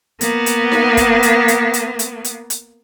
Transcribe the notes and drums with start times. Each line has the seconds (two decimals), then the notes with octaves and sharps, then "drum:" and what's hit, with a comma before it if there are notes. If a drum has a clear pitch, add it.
0.21 A#3 B3, drum: hi-hat
0.46 drum: hi-hat
0.72 drum: snare D#4
0.97 drum: kick, hi-hat
1.23 drum: hi-hat
1.48 drum: hi-hat
1.74 drum: hi-hat
1.99 drum: hi-hat
2.24 drum: hi-hat
2.50 drum: hi-hat